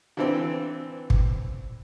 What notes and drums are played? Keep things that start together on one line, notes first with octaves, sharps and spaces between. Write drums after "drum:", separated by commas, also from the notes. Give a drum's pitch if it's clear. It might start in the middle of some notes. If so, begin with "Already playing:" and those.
D3 E3 C4
drum: kick